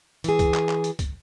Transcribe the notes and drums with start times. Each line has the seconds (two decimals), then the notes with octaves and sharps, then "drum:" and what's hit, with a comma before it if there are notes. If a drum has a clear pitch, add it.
0.24 E3 G#4, drum: hi-hat
0.39 drum: kick, hi-hat
0.54 drum: clap
0.69 drum: clap
0.84 drum: hi-hat
0.99 drum: kick, hi-hat